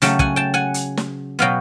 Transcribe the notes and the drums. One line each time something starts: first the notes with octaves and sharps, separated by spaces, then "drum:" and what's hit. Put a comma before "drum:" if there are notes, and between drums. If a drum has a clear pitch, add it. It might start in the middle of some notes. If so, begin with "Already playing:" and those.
C#3 F#3 A3 G5 A5, drum: hi-hat
F#5 G#5, drum: kick
G5 A5
F#5 G#5
drum: hi-hat
drum: snare
B2 F#3 B3 F5 G5